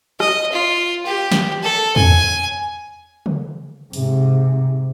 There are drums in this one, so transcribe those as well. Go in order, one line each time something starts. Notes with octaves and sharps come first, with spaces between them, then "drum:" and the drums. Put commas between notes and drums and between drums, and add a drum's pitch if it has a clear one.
D#5, drum: rim click
F4
G4
drum: snare
A4
G#5, drum: tom E2
drum: tom C#3
G#2 C3, drum: open hi-hat